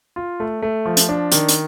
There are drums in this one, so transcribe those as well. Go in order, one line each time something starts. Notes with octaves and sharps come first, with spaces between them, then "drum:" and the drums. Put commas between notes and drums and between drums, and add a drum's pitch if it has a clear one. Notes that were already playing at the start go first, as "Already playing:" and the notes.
F4
A3
A3
F3
drum: hi-hat
D4
D#3, drum: hi-hat
drum: hi-hat